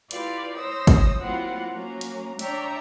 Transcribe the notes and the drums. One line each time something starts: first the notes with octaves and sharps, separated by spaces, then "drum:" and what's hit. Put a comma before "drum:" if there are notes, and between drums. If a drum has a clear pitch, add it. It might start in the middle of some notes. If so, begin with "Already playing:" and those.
E4 F4 G4 B4 D5 F5, drum: hi-hat
C5 C#5 D#6 E6 A#6
drum: kick G#1, hi-hat
F#3 A#3 C4 E4 F4 F#5
F#3 A#3 C#4 A#5
drum: hi-hat
D4 C#5 D5 E5 G5 A#5, drum: hi-hat